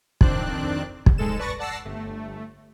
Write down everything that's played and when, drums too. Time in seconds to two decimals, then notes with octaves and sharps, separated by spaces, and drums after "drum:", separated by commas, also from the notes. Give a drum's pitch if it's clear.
0.21 F2 D#3 C4 D4 D5 F#6, drum: kick
1.06 drum: kick
1.18 G#2 G#3 A4 E7
1.39 B4 D5 A5 C#6 A6 A#6
1.59 D5 F#5 A5 E6 A#6 C7
1.85 G1 A3